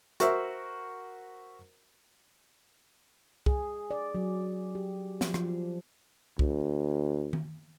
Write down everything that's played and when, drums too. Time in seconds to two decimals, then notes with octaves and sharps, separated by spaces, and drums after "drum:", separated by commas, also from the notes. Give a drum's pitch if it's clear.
0.20 F#4 A#4 C5 E5, drum: hi-hat
3.46 G#4, drum: kick C2
3.91 D5
4.15 F#3
4.75 G4
5.21 F3, drum: snare
5.34 F3, drum: rim click
6.39 D2, drum: kick C2
7.33 drum: tom D#3